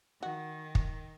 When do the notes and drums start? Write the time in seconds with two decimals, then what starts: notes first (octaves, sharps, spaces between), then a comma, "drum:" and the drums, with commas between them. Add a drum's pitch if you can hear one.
0.23 D#3 F#4
0.75 drum: kick